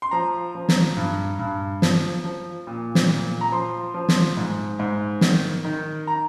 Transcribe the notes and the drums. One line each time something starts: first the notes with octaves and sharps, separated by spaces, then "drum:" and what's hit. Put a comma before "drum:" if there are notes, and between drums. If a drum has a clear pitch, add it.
C6
F3 A#5
F3
drum: snare
G2
G2
F3, drum: snare
F3
A#2
drum: snare
A#2
A#5
F3 C6
F3
drum: snare
G#2
G#2
D#3, drum: snare
D#3
A#5